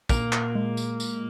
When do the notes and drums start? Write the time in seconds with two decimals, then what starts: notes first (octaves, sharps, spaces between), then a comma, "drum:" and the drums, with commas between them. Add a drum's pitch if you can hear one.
0.09 A#2 A#3, drum: kick, tambourine
0.32 drum: clap
0.55 G#3
0.77 drum: tambourine
1.00 drum: tambourine